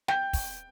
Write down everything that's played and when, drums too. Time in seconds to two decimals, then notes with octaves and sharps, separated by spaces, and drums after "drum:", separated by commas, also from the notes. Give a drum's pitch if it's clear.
0.08 G5 G6, drum: snare
0.33 drum: kick, open hi-hat